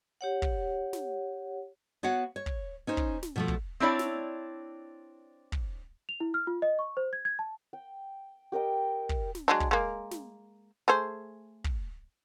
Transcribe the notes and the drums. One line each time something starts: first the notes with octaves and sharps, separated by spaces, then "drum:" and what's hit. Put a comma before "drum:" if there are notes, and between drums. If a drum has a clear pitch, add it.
G4 C#5 F#5
drum: kick
drum: snare
B3 F#4 C#5 F5 F#5
C#5
drum: kick
C#4 D#4 C5
drum: kick
drum: snare
B2 F3 A3
drum: kick
C4 D4 E4 C#5 D5
drum: snare
drum: kick
F7
E4
F6
F4
D#5
C#6
C5
G#6
G#6
A5
G5
G4 A#4 D#5 G5
drum: kick
drum: snare
F#3 G#3 D4
drum: kick
G#3 A#3
drum: snare
A3 G#4 C5
drum: kick